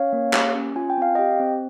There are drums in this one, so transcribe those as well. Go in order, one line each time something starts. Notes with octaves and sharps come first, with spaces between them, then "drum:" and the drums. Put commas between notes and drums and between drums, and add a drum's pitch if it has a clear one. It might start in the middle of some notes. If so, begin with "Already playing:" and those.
Already playing: C#4 C#5 F5
A#3
G4, drum: clap
C#4
F4 G#5
G5
C4 F5
G4 D#5 G5
C4